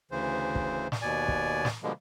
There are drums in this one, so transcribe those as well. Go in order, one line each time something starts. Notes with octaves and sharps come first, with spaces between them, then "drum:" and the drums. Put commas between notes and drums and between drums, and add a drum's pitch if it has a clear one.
D2 C#3 E3 C5
drum: kick
drum: snare
D#2 B2 D5 G#5
drum: kick
drum: snare
B2 D3 F3 G3 G#3 A#3